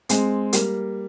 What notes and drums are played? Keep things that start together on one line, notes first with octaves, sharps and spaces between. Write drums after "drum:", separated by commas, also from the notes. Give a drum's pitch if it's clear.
G#3 C4, drum: hi-hat
G3 A#3, drum: hi-hat